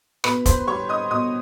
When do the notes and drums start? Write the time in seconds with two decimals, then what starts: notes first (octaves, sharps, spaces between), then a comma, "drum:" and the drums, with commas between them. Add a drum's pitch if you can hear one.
0.24 B2 B4 B5, drum: rim click
0.46 C5 C6, drum: kick, hi-hat
0.68 G3 C#5 C#6
0.89 D#5 D#6
1.11 B2 D#5 D#6